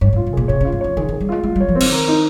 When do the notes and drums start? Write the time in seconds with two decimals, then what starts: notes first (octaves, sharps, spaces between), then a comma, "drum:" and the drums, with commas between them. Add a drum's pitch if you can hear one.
0.01 G2 C#5
0.13 G2
0.16 F4
0.27 C3
0.33 A#2 G#4
0.48 C3 C#5
0.61 C#3
0.65 F4
0.72 G#2
0.81 F2 C#5
0.97 D#3 G#4
1.09 D#3
1.13 G#4
1.20 G3
1.29 G#3 F4
1.43 G#3 F4
1.56 G3
1.60 C#5
1.69 F3
1.75 C4
1.80 D#3, drum: cymbal
1.92 A#4
2.08 D#4